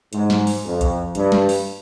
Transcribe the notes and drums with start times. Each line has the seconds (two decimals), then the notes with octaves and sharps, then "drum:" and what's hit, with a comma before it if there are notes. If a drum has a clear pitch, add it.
0.13 G#2, drum: hi-hat
0.30 drum: snare
0.47 drum: open hi-hat
0.65 F2
0.81 drum: kick B1, hi-hat
1.15 G2, drum: hi-hat
1.32 drum: snare
1.49 drum: open hi-hat